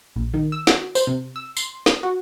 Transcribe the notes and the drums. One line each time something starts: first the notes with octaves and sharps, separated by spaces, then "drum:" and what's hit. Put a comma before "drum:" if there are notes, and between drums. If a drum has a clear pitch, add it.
A#1
D#3
E6
F#4, drum: snare
C5, drum: tambourine
C3
E6
C6, drum: tambourine
drum: snare
F#4